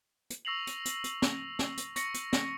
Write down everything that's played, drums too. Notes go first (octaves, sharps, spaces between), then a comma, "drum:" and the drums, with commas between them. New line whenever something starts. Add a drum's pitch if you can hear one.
drum: hi-hat
C#6 E6 A#6 C7 F7 F#7
drum: hi-hat
drum: hi-hat
drum: hi-hat
drum: snare
drum: snare
drum: hi-hat
C#6 A#6 C#7, drum: hi-hat
drum: hi-hat
drum: snare